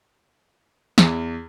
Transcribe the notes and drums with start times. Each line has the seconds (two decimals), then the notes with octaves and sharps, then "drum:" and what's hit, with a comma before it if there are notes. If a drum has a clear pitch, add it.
0.98 E2, drum: snare